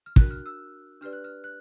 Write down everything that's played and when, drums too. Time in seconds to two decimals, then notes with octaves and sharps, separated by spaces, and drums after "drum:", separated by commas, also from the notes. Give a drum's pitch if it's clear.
0.06 F6
0.16 D4 F#4 A#4 F#6, drum: kick
0.31 F6
0.46 E6
1.01 D4 G4 B4 D5 F6
1.13 F#6
1.24 F6
1.44 F#6